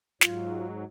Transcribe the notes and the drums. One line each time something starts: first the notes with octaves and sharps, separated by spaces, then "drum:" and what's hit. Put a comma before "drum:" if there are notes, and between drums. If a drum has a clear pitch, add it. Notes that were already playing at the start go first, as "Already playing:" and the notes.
G#2 F#3 F4, drum: snare